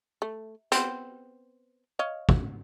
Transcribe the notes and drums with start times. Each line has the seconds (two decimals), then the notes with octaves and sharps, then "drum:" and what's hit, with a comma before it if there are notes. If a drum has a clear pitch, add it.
0.22 A3
0.72 B3 C4, drum: hi-hat
1.99 C#5 D#5 F5
2.29 drum: kick